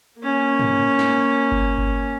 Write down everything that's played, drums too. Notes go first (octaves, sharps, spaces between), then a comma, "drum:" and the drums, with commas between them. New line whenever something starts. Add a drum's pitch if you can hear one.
A#3 C#4
drum: tom
drum: snare
drum: kick G1
drum: kick G1